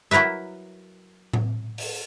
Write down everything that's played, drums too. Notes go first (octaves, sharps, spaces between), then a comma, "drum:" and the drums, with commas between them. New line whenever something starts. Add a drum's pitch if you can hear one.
F#3 E4 A#4 B4 E5
drum: tom A2
drum: open hi-hat